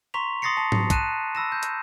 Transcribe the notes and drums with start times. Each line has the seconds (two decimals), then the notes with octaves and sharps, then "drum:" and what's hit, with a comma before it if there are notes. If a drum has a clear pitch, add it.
0.14 A#5 C6 C#6 B6 F7
0.42 C6 D#6 A6 A#6 C7 C#7
0.57 A5
0.72 drum: tom G#2
0.90 A5 F#6 D#7 E7, drum: kick, hi-hat
1.35 B5 E6 A#6 E7
1.52 G6
1.63 drum: hi-hat